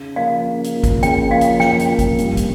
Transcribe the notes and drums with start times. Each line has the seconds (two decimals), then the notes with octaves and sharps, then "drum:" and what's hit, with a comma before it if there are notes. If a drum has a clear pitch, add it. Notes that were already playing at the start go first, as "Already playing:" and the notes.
Already playing: C#3
0.16 F3 A#3 F5
0.45 C#3
0.64 drum: hi-hat
0.74 F3 A#3
0.84 drum: kick, hi-hat
1.03 C#3 G5, drum: hi-hat
1.31 F3 A#3 F5
1.41 drum: hi-hat
1.60 C#3 G5, drum: snare
1.79 drum: hi-hat
1.89 F3 A#3
1.99 drum: kick, hi-hat
2.18 G2, drum: hi-hat
2.37 drum: kick, hi-hat